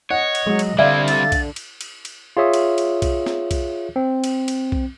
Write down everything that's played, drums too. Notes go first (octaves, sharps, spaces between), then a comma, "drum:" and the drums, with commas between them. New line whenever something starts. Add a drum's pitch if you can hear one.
C#5 D#5 F#5
drum: cymbal
F#3 G#3
drum: cymbal
D3 G3 C4 D5 E5 F5 G#6
A6, drum: cymbal
drum: kick B1, cymbal
drum: cymbal
drum: cymbal
drum: cymbal
F4 G#4 C#5 E5 D#6
drum: cymbal
drum: cymbal
drum: kick B1, cymbal
drum: snare
drum: kick B1, cymbal
C4
drum: cymbal
drum: cymbal
drum: kick B1